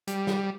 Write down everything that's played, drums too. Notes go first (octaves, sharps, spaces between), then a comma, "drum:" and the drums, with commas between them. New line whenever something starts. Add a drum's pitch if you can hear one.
G3, drum: hi-hat
drum: snare